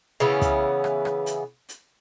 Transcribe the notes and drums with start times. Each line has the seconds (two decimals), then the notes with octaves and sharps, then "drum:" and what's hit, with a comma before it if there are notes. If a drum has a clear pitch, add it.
0.20 C#3 E3 B3 C#4
0.42 drum: kick, hi-hat
0.84 drum: rim click
1.05 drum: rim click
1.26 drum: hi-hat
1.69 drum: hi-hat